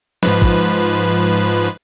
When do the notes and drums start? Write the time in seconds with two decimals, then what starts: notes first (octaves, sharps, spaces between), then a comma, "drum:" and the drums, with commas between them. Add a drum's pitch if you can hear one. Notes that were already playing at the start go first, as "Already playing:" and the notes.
0.23 G#2 F3 B4, drum: snare
0.42 drum: kick